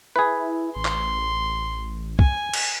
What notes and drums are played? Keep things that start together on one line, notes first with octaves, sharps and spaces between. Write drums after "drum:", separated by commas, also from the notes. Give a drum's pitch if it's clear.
E4 G#4 B4
A1 C6
drum: clap
G#5, drum: kick B1
drum: cymbal